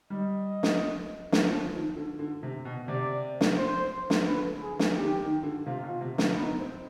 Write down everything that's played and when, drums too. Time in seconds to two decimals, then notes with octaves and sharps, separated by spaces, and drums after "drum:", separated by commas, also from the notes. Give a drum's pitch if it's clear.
0.10 G3 D#5
0.63 drum: snare
1.32 drum: snare
1.50 F3
1.73 D#3
1.96 D3
2.19 D3
2.43 C3
2.65 B2
2.88 C3 D5
3.41 drum: snare
3.58 C5
4.10 drum: snare
4.27 D3 B4
4.62 G#4
4.79 drum: snare
4.96 D#3 G4
5.20 D#3
5.43 D3
5.66 C3 F4
5.83 B2
6.01 C3
6.18 D3, drum: snare
6.35 B3 D#4
6.59 C4